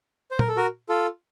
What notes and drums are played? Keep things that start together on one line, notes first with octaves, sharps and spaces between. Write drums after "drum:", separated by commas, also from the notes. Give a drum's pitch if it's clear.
C5
A#4, drum: tom
A4
F#4 A#4
F4 A4